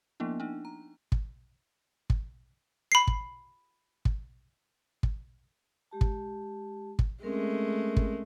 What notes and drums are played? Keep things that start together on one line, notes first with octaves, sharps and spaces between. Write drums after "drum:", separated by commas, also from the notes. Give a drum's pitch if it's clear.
F3 A#3 B3 D4 E4
D4 D#4
A#5
drum: kick
drum: kick
B5 C7
drum: kick
drum: kick
drum: kick
G#3 G4 A5
drum: kick
drum: kick
G#3 A3 C4 C#4 A#4
drum: kick